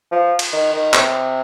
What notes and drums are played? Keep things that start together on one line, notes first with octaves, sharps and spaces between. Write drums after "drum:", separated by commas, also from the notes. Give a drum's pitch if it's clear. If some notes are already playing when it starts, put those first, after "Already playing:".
F3
drum: cymbal
D#3
D#3
C3, drum: clap